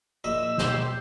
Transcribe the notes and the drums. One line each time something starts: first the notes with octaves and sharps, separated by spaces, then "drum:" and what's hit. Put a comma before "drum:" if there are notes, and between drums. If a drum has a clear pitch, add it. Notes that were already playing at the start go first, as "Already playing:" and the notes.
A#1 E4 D#5 E6
B2 G4 C5, drum: snare